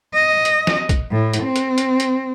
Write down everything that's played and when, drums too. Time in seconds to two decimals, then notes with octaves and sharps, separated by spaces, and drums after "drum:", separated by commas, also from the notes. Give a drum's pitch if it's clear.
0.14 D#5
0.45 drum: hi-hat
0.67 drum: snare
0.89 drum: kick, hi-hat
1.11 A2
1.34 drum: hi-hat
1.44 C4
1.56 drum: hi-hat
1.78 drum: hi-hat
2.00 drum: hi-hat